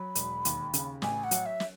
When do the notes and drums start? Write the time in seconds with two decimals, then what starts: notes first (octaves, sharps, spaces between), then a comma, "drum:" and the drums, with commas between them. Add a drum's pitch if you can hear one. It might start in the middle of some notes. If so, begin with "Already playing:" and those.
Already playing: F#3 B5
0.15 E1, drum: hi-hat
0.45 D#2, drum: hi-hat
0.73 C#3, drum: hi-hat
1.02 A1 G#5, drum: snare
1.24 F#5
1.31 F#3, drum: hi-hat
1.46 E5
1.60 drum: snare